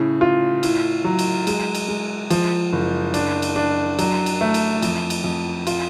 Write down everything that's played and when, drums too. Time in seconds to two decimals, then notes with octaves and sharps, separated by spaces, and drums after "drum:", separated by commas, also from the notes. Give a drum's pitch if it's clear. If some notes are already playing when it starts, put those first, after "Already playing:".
Already playing: A2 C#3
0.21 F4
0.63 A2, drum: cymbal
1.04 F#3
1.19 drum: cymbal
1.47 G#3, drum: cymbal
1.75 drum: cymbal
1.88 G#3
2.30 F3, drum: cymbal
2.73 F#1
3.14 D4, drum: cymbal
3.42 drum: cymbal
3.56 D4
3.99 F#3, drum: cymbal
4.26 drum: cymbal
4.41 A3
4.54 drum: cymbal
4.82 F2, drum: cymbal
5.10 drum: cymbal
5.24 F2
5.67 F4, drum: cymbal